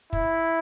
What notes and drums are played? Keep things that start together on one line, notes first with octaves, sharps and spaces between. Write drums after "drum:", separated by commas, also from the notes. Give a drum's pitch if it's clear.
E4, drum: kick